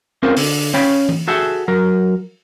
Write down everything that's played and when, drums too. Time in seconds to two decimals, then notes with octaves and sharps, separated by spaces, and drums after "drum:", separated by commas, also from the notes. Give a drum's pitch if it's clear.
0.23 C4 C#4 F4 G#4 A#4 C5
0.37 D3, drum: open hi-hat
0.74 C#4 C#5 F5 G5 B5
1.09 drum: tom E3
1.28 F#4 G#4 A4 E5 F#5 G5
1.68 F#3 A#4